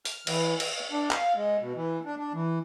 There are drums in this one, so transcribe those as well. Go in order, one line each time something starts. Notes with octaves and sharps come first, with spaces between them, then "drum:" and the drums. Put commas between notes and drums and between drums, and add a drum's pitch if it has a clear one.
F6, drum: open hi-hat
E3, drum: cymbal
E6, drum: cymbal
D4
F5, drum: clap
G#3
B2
E3
D4
D4
E3